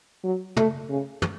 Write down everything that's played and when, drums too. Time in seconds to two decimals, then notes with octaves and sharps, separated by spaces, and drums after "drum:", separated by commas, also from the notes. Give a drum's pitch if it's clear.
0.24 F#3
0.57 A3, drum: tom
0.90 C#3
1.22 drum: tom